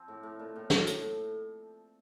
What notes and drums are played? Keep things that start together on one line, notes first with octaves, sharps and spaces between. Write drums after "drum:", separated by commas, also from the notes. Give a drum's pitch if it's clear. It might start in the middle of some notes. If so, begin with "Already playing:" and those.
Already playing: F3 C4
A2
A2
A#2
A2
A2, drum: snare
A2, drum: hi-hat